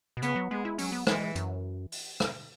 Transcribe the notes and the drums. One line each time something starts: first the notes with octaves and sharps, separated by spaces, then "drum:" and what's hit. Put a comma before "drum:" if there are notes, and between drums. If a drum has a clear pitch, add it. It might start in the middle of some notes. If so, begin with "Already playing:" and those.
B2
C#3 B3, drum: hi-hat
F#3
G#3 B3
E4
F#3 C#4, drum: open hi-hat
B3
E3 G#3, drum: rim click
F#2, drum: hi-hat
drum: open hi-hat
drum: rim click